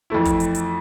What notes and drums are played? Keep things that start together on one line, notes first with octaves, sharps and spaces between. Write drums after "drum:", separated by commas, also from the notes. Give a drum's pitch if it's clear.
F2 E3 A3 E4
drum: kick, hi-hat
drum: hi-hat
drum: hi-hat